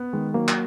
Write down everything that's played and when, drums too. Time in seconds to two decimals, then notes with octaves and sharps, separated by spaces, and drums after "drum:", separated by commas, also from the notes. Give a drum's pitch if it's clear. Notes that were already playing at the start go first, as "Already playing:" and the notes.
Already playing: B3
0.13 D#3 G#3
0.34 F#3 A#3
0.48 drum: clap